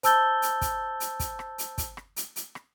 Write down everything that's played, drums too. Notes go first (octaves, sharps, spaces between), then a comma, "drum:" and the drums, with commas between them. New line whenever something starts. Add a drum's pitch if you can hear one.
C5 A5 E6 G6 A6 G7, drum: hi-hat
drum: hi-hat
drum: kick, hi-hat
drum: hi-hat
drum: kick, hi-hat
drum: rim click
drum: hi-hat
drum: kick, hi-hat
drum: rim click
drum: hi-hat
drum: hi-hat
drum: rim click